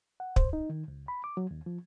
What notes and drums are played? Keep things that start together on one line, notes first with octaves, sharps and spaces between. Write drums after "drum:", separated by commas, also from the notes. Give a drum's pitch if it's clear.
F#5
C5, drum: kick
D#4
D#3
C#2
B5
D6
F#3
D#2
F3